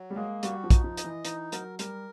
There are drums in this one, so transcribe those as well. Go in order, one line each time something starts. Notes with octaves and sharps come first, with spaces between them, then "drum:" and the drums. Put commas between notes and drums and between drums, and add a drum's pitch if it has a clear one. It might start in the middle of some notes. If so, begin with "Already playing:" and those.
Already playing: F#3
G3
G#3 A#3
G3 F#4, drum: hi-hat
F3
D#4, drum: kick, hi-hat
F3
D#5, drum: hi-hat
E3
E3 D#4, drum: hi-hat
F#3 A#4, drum: hi-hat
G3 A#4, drum: hi-hat